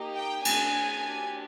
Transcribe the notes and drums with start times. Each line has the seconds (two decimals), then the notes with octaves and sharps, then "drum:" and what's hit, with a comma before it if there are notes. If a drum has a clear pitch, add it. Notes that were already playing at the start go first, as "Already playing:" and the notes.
Already playing: A#3 D#4 G4
0.16 G5
0.45 D4 G#4 G#5, drum: cymbal
1.03 D4 G4